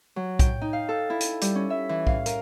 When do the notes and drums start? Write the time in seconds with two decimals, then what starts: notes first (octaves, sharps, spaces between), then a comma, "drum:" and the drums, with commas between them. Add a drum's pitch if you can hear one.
0.16 F#3
0.39 G5, drum: kick B1, hi-hat
0.61 D#4
0.73 F5
0.89 A4
1.10 E4
1.21 drum: hi-hat
1.41 G3, drum: hi-hat
1.55 C#4
1.70 E5
1.89 E3
2.07 F5, drum: kick B1
2.26 A#4, drum: hi-hat